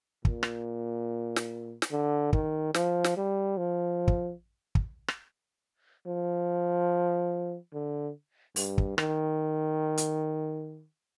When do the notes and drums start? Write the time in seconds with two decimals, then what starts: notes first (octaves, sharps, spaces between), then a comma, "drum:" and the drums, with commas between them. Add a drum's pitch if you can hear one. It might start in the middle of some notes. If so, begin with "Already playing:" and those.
0.25 A#2, drum: kick
0.43 drum: rim click
1.36 drum: snare
1.82 drum: snare
1.91 D3
2.33 D#3, drum: kick
2.74 F3, drum: snare
3.04 drum: snare
3.17 G3
3.57 F3
4.08 drum: kick
4.75 drum: kick
5.08 drum: rim click
6.06 F3
7.73 D3
8.56 G2, drum: open hi-hat
8.78 drum: kick
8.98 D#3, drum: rim click
9.98 drum: hi-hat